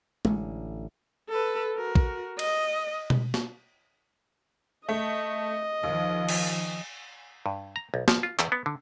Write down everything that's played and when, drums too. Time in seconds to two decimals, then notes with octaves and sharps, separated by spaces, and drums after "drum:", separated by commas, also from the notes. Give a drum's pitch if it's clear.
0.25 A1 D3, drum: tom G#3
1.30 A4 B4
1.77 F#4 A#4
1.95 drum: kick
2.39 D#5, drum: cymbal
3.10 drum: tom B2
3.34 drum: snare
4.89 A3 D#5
5.83 D#2 D#3 F3
6.29 drum: cymbal
7.46 G2
7.76 A#5
7.94 B1
8.08 F3, drum: snare
8.23 F4
8.39 E2, drum: clap
8.52 B3
8.66 D3